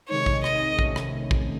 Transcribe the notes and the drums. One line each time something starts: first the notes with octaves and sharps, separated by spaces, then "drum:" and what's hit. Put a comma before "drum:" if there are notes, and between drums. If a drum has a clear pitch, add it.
C3 D#3 G#3 D#4 C#5
drum: kick
D#5, drum: rim click
C3 D#3 A3 C#4, drum: kick
drum: rim click
drum: kick